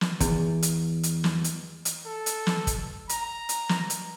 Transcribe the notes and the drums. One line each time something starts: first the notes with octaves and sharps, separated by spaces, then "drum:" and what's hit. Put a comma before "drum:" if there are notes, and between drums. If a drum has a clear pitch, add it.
drum: snare
E2, drum: kick, hi-hat
drum: hi-hat
drum: hi-hat
drum: snare
drum: hi-hat
drum: hi-hat
A4
drum: hi-hat
drum: snare
drum: kick, hi-hat
A#5, drum: hi-hat
drum: hi-hat
drum: snare
drum: hi-hat